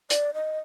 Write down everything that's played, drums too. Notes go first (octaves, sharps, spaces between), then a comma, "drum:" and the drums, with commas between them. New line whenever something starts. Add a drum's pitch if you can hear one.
D5, drum: hi-hat
D#5